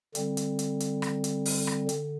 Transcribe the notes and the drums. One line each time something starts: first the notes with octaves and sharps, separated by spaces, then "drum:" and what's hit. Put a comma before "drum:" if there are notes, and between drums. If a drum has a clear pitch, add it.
D3 G3 C4, drum: hi-hat
drum: hi-hat
drum: hi-hat
drum: hi-hat
drum: rim click
drum: hi-hat
drum: open hi-hat
drum: rim click
D3, drum: hi-hat